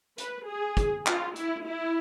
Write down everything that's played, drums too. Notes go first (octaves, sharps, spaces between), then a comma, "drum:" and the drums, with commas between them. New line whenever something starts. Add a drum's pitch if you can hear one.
B4, drum: hi-hat
G#4
drum: kick, hi-hat
F4, drum: clap
E4, drum: hi-hat
E4